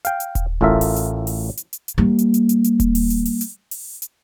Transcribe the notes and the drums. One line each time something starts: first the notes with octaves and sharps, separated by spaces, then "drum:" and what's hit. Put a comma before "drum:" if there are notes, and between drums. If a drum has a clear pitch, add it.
F5 G5, drum: hi-hat
drum: hi-hat
drum: kick D#1, hi-hat
A1 A2 F4 A4 A#4 E5
drum: open hi-hat
drum: hi-hat
drum: open hi-hat
drum: hi-hat
drum: hi-hat
drum: hi-hat
G3 A#3
drum: hi-hat
drum: hi-hat
drum: hi-hat
drum: hi-hat
drum: kick D#1, hi-hat
drum: open hi-hat
drum: hi-hat
drum: open hi-hat
drum: hi-hat
drum: open hi-hat
drum: hi-hat